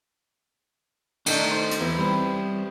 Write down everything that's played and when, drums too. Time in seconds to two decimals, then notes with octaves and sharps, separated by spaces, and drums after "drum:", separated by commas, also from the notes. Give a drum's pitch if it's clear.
1.26 D#3 A3 D4 D#4, drum: cymbal
1.51 C5
1.71 drum: hi-hat
1.81 E2 E4 B4
1.98 G3 C4